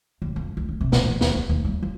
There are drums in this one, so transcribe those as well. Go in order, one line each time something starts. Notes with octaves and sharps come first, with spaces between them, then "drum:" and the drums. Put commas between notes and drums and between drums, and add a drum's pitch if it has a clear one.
D#2
F2
D2
C#3
C3
A#2, drum: snare
E3
D#2, drum: snare
D2
D#2
G3
F3